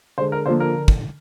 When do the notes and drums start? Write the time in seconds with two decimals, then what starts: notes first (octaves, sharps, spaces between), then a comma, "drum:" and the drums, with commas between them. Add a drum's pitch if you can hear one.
0.18 D3 G#3 C5
0.32 A#4
0.46 D3 F3 A#3 C5
0.60 A#4
0.74 D3
0.88 drum: kick